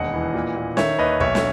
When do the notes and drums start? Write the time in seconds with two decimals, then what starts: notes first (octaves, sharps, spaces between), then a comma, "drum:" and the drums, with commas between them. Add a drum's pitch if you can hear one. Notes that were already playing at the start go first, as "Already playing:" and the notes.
Already playing: E1 D#2 D#5 F#5
0.13 E3
0.34 A#2
0.56 A#2
0.77 D#3 C#5 E5, drum: snare
0.99 D#2 B4 D#5
1.20 B1 C#5 E5, drum: kick
1.35 drum: snare